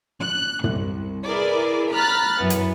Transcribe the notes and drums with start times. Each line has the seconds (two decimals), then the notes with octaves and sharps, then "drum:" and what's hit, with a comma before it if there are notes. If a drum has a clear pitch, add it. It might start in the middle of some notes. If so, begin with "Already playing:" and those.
0.19 F#6
0.64 C2, drum: tom
1.25 E4 G#4 A#4 B4 D5
1.91 A#5 B5 F6 F#6 A6
2.39 F#2 E3 B3
2.50 drum: hi-hat